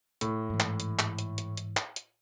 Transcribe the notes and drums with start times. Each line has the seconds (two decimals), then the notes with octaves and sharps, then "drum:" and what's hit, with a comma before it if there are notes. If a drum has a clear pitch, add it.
0.21 A2, drum: hi-hat
0.50 G#2 E3
0.60 drum: clap
0.80 drum: hi-hat
0.99 drum: clap
1.19 drum: hi-hat
1.38 drum: hi-hat
1.57 drum: hi-hat
1.77 drum: clap
1.96 drum: hi-hat